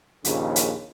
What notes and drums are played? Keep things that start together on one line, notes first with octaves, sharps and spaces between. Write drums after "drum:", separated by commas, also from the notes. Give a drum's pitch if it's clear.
A#1 D#2 C#3, drum: hi-hat
drum: hi-hat